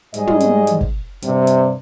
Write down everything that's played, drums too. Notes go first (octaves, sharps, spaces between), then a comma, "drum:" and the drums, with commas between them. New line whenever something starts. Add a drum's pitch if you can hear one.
G#2 G3 G#4 D#5, drum: hi-hat
drum: tom
drum: hi-hat
drum: hi-hat
drum: kick
G2 C3, drum: hi-hat
drum: hi-hat